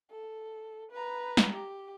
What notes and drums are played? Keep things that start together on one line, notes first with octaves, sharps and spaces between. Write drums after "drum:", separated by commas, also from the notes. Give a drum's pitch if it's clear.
A4
B4 A#5
drum: snare
G4